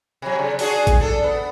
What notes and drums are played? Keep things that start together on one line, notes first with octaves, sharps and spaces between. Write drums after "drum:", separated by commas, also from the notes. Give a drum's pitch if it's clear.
C3 F#3
C#3
D4 F#4 G#4, drum: open hi-hat
drum: kick, hi-hat
D4 A4
B3